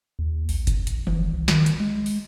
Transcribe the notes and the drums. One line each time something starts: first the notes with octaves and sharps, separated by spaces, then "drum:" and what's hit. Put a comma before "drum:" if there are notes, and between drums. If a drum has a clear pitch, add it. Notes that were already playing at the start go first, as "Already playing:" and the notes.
D#2
A#1, drum: open hi-hat
drum: kick F#1, hi-hat
drum: hi-hat
F#1, drum: tom D#3
C2
D#3, drum: snare
drum: hi-hat
G#3
drum: open hi-hat